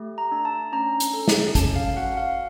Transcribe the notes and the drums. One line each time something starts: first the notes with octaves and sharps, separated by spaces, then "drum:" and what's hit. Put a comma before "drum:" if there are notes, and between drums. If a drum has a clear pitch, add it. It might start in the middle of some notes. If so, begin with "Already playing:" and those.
Already playing: A3 G4
A#5
D4
A5
C#4 A#5
drum: hi-hat
A4
drum: snare
C#4 A5, drum: kick, hi-hat
F5
F#4 F#5
F5